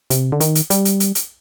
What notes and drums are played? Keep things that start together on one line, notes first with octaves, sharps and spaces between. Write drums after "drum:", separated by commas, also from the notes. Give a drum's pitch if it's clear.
C3, drum: hi-hat
D3
D#3, drum: hi-hat
drum: hi-hat
G3, drum: hi-hat
drum: hi-hat
drum: hi-hat
drum: hi-hat